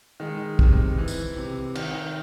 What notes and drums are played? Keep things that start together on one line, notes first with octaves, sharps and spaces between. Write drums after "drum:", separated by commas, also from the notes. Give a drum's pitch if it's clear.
D#3 G#3
C3, drum: kick
E3
drum: tambourine
C3
D#3, drum: cymbal